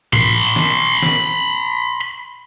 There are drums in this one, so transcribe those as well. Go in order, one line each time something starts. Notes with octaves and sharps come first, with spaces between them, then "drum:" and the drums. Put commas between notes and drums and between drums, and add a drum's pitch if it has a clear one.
B5 C6, drum: tom A2
drum: snare
drum: snare